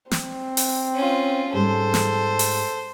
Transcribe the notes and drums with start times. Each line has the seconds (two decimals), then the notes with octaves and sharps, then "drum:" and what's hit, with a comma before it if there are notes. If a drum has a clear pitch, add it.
0.11 C4, drum: snare
0.57 drum: open hi-hat
0.94 C#4 F4
1.54 G#2 G3 G#3 A4 C5
1.94 drum: snare
2.39 drum: open hi-hat